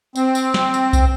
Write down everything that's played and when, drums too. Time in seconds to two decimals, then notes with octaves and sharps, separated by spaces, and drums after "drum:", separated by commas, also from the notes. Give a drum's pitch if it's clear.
0.16 C4, drum: tambourine
0.35 drum: tambourine
0.54 drum: snare
0.74 drum: tambourine
0.93 drum: kick B1, tambourine